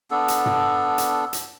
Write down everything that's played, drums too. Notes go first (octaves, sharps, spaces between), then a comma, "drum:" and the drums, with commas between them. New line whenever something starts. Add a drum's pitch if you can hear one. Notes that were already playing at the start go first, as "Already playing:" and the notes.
B3 D4 A4
drum: hi-hat
drum: tom
drum: hi-hat
drum: hi-hat